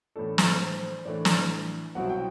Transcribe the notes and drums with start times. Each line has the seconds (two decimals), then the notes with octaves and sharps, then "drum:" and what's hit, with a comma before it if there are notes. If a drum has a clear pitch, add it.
0.16 A2 E3 A3 D4 A4
0.38 A4, drum: snare
0.60 C5
0.83 C5
1.05 A2 E3 A3 D4 D5
1.25 drum: snare
1.95 C2 B2 F#3 C4 E4 F#5
2.09 G5